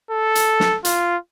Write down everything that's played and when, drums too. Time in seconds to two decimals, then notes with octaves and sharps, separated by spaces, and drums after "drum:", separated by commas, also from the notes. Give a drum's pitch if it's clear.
0.11 A4
0.35 drum: hi-hat
0.60 drum: snare
0.85 F4, drum: hi-hat